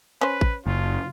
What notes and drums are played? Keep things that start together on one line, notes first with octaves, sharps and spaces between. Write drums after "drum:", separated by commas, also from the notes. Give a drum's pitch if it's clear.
C#4 B4 C5
drum: kick A1
F#1 F4